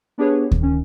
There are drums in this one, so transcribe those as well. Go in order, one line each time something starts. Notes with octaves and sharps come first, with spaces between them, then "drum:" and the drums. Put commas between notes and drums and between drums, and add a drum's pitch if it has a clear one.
B3 D4 G4 G#4 B4 C#5
drum: kick D2
D#3 C#4